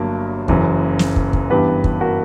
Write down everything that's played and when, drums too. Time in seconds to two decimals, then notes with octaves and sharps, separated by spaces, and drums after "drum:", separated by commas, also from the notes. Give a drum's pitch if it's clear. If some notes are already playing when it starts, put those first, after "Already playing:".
Already playing: G1 G2 F#3 A#3
0.48 F#1 F#2 E3, drum: kick
0.99 drum: snare
1.16 drum: kick
1.33 drum: kick
1.50 G2 E3 B3 G4 B4
1.84 drum: kick
2.01 F#4 A#4